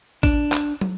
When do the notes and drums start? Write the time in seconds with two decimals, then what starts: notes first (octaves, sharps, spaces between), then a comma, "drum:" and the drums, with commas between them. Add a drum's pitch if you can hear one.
0.23 D4, drum: kick A1, tambourine
0.52 drum: clap
0.81 drum: tom